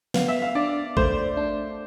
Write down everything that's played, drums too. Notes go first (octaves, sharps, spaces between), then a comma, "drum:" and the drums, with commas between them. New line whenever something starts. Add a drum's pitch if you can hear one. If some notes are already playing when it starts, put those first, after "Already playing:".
B3 F5, drum: snare
E5
F5
D4 D5
A3 C5, drum: kick
D4